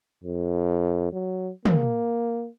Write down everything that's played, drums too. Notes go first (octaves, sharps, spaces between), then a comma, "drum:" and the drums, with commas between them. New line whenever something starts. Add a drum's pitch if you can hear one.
F2
F#3
A#3, drum: tom